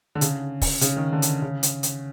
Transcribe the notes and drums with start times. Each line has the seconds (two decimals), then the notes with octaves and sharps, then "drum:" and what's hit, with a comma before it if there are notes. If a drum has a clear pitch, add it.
0.15 D3
0.21 C#3, drum: hi-hat
0.61 drum: kick, open hi-hat
0.81 C#3, drum: hi-hat
0.97 D#3
1.13 D3
1.22 drum: hi-hat
1.42 C#3
1.63 drum: hi-hat
1.83 drum: hi-hat